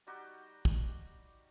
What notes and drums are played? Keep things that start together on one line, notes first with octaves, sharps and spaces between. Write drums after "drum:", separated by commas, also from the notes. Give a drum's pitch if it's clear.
G3 D#4 F#4 G4
drum: kick